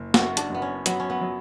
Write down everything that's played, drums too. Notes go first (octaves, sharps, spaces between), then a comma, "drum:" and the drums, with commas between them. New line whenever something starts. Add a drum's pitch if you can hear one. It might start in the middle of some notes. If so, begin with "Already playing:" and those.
Already playing: F#1
F#2 F#4, drum: snare
D4, drum: hi-hat
F#2 B3
C#4
F#3 B3, drum: hi-hat
C#4
B3
F#3